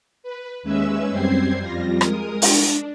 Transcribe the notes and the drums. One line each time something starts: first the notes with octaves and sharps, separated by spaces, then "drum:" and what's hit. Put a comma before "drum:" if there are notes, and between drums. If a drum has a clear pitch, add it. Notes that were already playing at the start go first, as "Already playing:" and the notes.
B4
D#2 G#3 C#4 B4 E5 E6
F#2 G3 C4 C5 G#6 C7
F2 G3 F4 A#6
G#3 A#4 D#6, drum: rim click
D4, drum: open hi-hat